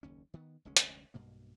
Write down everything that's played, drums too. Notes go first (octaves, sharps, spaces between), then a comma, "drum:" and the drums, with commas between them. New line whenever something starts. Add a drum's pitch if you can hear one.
F#1 D#2 C#4
D#3 B3
F1 D2 G#3 C#4
drum: hi-hat
B1 G2 B2 A#3